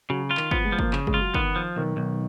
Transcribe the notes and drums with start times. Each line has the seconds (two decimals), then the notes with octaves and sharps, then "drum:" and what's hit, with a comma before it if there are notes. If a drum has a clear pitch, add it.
0.10 C#3 F#3
0.31 F4
0.37 D#3, drum: clap
0.51 F3 B3, drum: kick
0.65 G#3
0.72 F3
0.79 A#3, drum: kick
0.93 C#3, drum: clap
1.07 G#3, drum: kick
1.14 F4
1.21 F#3
1.34 D#3 B3, drum: kick
1.56 F3
1.76 B1 D#3
1.97 B1